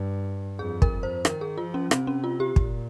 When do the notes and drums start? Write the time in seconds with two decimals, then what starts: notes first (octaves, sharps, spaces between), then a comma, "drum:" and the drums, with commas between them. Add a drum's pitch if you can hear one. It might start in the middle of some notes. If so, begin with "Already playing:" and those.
Already playing: G2
0.59 F2 G#4
0.82 A#4, drum: kick
1.03 C5
1.25 D#3 A#4, drum: rim click
1.41 G#4
1.58 F3 F4
1.74 C#4
1.91 C3 C4, drum: rim click
2.07 C#4
2.24 F4
2.40 G4
2.56 A#2, drum: kick